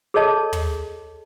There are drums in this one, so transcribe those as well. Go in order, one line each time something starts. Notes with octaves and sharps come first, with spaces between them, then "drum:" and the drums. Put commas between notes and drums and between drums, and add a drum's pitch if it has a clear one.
G#4 A4 C#5 D#5 A5
drum: tom